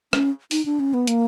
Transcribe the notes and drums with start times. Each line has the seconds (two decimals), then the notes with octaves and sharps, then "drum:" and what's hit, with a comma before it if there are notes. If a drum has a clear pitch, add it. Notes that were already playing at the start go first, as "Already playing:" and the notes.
0.13 C#4, drum: rim click
0.51 D#4, drum: open hi-hat
0.66 D4
0.80 C#4
0.94 B3
1.07 A#3, drum: hi-hat